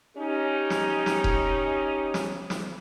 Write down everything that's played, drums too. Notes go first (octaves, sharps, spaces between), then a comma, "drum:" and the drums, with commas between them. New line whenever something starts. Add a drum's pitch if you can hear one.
C#4 D#4 G4
drum: snare
drum: snare
drum: kick E1
drum: snare
drum: snare